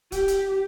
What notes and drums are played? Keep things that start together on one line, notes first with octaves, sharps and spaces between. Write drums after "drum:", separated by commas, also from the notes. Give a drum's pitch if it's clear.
G4, drum: kick, hi-hat
drum: hi-hat